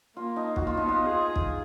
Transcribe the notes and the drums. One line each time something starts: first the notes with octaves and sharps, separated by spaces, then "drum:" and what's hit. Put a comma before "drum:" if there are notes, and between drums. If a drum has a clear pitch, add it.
A#3 F4
D#4
F#4, drum: kick
F4
B3 D#4
F4
G#4
drum: kick